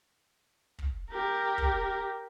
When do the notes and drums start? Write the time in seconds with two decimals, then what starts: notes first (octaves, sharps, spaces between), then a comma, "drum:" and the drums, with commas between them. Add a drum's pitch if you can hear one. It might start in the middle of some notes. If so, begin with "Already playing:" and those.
0.79 drum: kick
1.10 G4 A#4
1.58 drum: kick